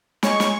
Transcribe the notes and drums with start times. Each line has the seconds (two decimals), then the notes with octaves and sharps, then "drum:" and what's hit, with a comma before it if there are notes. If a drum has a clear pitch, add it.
0.23 G#3 C#5 C#6, drum: snare
0.40 drum: snare